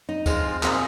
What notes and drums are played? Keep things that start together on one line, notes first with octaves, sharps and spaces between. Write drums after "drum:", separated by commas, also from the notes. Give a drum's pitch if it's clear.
D#4
F3 G#3 C4 F4, drum: kick D2, tambourine
A#2 A#3 C4 G#4 D#5, drum: clap